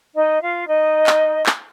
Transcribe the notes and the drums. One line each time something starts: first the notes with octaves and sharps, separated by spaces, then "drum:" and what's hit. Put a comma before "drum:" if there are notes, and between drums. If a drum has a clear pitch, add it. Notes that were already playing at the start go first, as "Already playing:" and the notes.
D#4 D#5
F4 F5
D#4 D#5
drum: clap
drum: clap